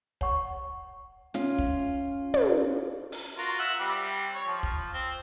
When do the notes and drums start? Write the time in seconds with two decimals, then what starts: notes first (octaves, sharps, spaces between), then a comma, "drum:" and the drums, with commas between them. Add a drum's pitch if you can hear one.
0.21 C#5 F#5 C#6, drum: kick
1.34 C#4 F4, drum: hi-hat
1.58 drum: kick
2.34 drum: tom
3.12 drum: open hi-hat
3.38 F4 F#4 A#4
3.59 E5 F#5
3.80 G3 C4
4.35 C#5
4.47 F3
4.63 drum: kick
4.94 C4